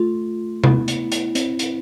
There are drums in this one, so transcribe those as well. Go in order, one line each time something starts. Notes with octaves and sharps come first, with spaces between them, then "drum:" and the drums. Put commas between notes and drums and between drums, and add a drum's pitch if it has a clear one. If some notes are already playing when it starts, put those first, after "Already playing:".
Already playing: A3 F4
B3 E4, drum: tom C3
drum: hi-hat
drum: hi-hat
C4, drum: hi-hat
drum: hi-hat